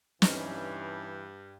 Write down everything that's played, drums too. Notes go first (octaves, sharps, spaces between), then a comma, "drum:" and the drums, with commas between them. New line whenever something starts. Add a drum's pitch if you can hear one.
G2 E3 C#4 D#4, drum: snare